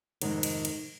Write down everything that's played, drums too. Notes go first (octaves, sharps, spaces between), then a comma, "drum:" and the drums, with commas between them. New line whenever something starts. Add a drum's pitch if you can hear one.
F2 G#2 C3 D#3, drum: cymbal
drum: cymbal
drum: cymbal